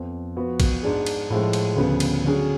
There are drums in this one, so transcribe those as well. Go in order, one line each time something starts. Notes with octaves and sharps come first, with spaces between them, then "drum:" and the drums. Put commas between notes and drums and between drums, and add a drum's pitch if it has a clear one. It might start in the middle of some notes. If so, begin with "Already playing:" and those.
Already playing: F2 F3 B3
F3 B3 F#4
drum: kick, cymbal
G#2 G#3 D4 G#4
drum: cymbal
A2 F3 G#3
drum: cymbal
D2 C#3 F3 B3
drum: cymbal
D3 F#3 C#4 G#4